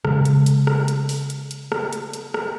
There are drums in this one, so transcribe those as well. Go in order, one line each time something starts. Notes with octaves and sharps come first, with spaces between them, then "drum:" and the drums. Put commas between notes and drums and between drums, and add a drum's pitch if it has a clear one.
C#3 G#3, drum: rim click
drum: hi-hat
drum: hi-hat
drum: rim click
drum: hi-hat
drum: open hi-hat
drum: hi-hat
drum: hi-hat
drum: rim click
drum: hi-hat
drum: hi-hat
drum: rim click